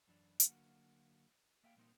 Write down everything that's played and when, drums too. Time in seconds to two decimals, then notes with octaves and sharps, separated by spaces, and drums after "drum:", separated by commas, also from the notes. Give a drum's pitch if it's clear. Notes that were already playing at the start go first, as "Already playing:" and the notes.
0.08 F#2 E3 D4
0.40 D3 F#3 A#3 F#4, drum: hi-hat
1.63 A#3 E5 F5 G5
1.77 A#2 G3 A#3 C4 D#4